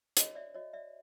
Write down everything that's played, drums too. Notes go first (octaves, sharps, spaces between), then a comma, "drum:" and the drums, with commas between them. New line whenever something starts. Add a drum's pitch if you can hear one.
F#4 C#5 D#5, drum: hi-hat
D5 E5
F#4 C#5 D#5
D5 E5